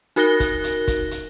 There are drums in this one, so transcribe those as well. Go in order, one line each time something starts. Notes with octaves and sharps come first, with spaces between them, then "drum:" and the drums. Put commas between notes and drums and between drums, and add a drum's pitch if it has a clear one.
D#4 F#4 A#4 F#6 A#6 G7, drum: hi-hat
drum: kick, hi-hat
drum: hi-hat
drum: kick, hi-hat
drum: hi-hat